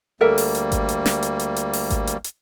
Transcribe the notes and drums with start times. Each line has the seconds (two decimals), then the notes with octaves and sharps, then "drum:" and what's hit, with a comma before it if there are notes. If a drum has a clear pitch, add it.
0.21 D2 G3 A#3 A4 A#4 E5
0.38 drum: open hi-hat
0.55 drum: hi-hat
0.72 drum: kick G#1, hi-hat
0.89 drum: hi-hat
1.06 drum: snare
1.23 drum: hi-hat
1.39 drum: hi-hat
1.56 drum: hi-hat
1.73 drum: open hi-hat
1.90 drum: kick G#1, hi-hat
2.07 drum: hi-hat
2.24 drum: hi-hat